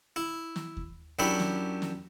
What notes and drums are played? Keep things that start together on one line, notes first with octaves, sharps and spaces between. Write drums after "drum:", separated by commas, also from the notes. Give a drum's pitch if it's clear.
E4
drum: snare
drum: kick D#2
F#2 C#4 D4 E4 G4 B5
drum: snare
drum: snare